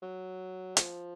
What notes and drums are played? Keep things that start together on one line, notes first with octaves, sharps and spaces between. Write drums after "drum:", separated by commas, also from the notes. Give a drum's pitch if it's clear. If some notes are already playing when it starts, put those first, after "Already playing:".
F#3
F3, drum: hi-hat